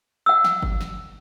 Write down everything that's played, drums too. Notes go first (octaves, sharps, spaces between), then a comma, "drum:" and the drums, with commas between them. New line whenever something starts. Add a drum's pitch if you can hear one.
F#5 E6
drum: snare
drum: kick G1
drum: snare